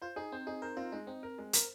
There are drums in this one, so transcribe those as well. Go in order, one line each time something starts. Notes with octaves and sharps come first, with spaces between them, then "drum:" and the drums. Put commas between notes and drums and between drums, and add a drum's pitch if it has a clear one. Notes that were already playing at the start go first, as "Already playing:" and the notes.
F4 C5
D#4 G#4
C4 C5
D#4 G#4
A#4 C5
C4 F4
G#3 D#4
C4 D#4
A#4
G#3
A#4, drum: hi-hat